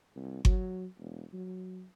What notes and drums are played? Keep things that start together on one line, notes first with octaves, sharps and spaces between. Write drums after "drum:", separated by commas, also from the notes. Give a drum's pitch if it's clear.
C2
F#3, drum: kick G1
E1
F#3